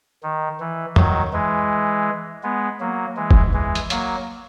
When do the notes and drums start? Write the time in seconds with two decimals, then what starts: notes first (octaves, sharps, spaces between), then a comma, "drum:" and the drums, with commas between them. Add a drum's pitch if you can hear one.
0.23 D#3
0.60 E3
0.96 D#3 F#3, drum: tom
1.33 E3 G#3
2.43 G#3 B3
2.80 F#3 A#3
3.17 E3 G#3
3.31 drum: kick
3.54 E3 G#3
3.75 drum: hi-hat
3.90 F#3 A#3, drum: hi-hat